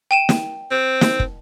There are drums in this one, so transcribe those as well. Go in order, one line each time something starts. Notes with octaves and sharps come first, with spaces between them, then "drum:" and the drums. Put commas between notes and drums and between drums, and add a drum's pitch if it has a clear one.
G5 D#7 E7
drum: snare
C4
drum: snare
drum: kick